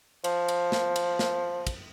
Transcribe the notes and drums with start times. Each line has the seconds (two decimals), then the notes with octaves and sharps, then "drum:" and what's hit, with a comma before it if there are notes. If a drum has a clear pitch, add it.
0.24 F3, drum: cymbal
0.48 drum: cymbal
0.72 drum: snare
0.96 drum: cymbal
1.19 drum: snare
1.67 drum: kick, cymbal